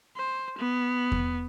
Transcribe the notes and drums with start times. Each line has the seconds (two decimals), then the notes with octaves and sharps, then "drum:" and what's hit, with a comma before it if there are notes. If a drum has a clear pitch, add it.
0.17 C5
0.58 B3
1.12 drum: kick E2